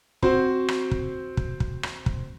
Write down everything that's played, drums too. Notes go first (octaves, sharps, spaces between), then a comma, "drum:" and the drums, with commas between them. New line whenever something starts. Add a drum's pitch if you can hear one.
C4 F#4 C5, drum: kick
drum: rim click
drum: kick
drum: kick
drum: kick
drum: rim click
drum: kick